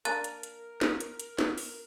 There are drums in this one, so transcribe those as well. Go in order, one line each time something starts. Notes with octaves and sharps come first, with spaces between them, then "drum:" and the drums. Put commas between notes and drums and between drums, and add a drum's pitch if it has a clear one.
A#3 D4 A#4 F#6 A6 D#7, drum: hi-hat
drum: hi-hat
drum: hi-hat
drum: snare
drum: hi-hat
drum: hi-hat
drum: snare
drum: open hi-hat